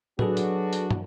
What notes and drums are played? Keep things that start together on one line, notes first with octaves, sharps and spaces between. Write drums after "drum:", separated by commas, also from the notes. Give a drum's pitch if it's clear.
F#3 D4 F#4 G#4 A4 B4, drum: tom A2
drum: hi-hat
drum: hi-hat
drum: tom